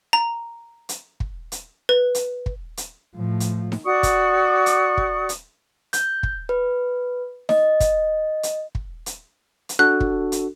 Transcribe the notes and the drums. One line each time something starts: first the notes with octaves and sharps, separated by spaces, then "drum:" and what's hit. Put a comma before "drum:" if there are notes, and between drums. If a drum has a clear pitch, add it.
A#5
drum: hi-hat
drum: kick
drum: hi-hat
B4
drum: hi-hat
drum: kick
drum: hi-hat
A2 F3
drum: hi-hat
drum: snare D#4
F#4 D5 C#6 D#6
drum: kick, hi-hat
drum: hi-hat
drum: kick
drum: hi-hat
G6, drum: hi-hat
drum: kick
B4
D#5, drum: snare D#4
drum: kick, hi-hat
drum: hi-hat
drum: kick
drum: hi-hat
drum: hi-hat
D4 F#4 A4 F#6
drum: kick
drum: hi-hat